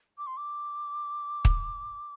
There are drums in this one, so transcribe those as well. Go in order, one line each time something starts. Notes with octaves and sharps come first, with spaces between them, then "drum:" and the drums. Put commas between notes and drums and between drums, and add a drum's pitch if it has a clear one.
D6
C6
D6
drum: kick